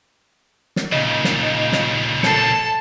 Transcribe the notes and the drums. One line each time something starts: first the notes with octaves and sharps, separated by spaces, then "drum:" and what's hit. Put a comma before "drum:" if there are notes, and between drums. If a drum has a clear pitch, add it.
drum: snare
A#2 C#3 D#4 D#5
drum: snare
drum: snare
A4 A5 C7 C#7, drum: snare